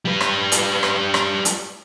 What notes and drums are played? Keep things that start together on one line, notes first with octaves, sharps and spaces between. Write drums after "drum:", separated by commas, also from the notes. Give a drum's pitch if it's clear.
G3 B4
drum: rim click
drum: hi-hat
drum: rim click
drum: rim click
drum: hi-hat